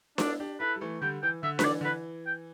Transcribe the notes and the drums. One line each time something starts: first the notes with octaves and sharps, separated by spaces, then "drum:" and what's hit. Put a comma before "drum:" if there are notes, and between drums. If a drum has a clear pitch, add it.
B3 D4 E4, drum: snare D4
D4 G4
E4 A4 B4
G3
E3 A3
D3 G3 G5
E3 G5
D3 E5
D3 B4, drum: snare D4
E3 D5
D3
E3 B4
G5